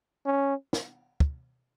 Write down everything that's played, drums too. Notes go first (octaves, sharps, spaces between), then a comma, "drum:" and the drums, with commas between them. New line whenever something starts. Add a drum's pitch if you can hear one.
C#4
drum: snare
drum: kick